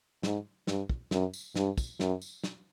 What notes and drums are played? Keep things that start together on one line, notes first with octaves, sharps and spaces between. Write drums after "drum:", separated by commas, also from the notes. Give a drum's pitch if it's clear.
G#2, drum: snare
G2, drum: snare
drum: kick
F#2, drum: snare
drum: tambourine
G2, drum: snare
drum: kick, tambourine
F#2, drum: snare
drum: tambourine
drum: snare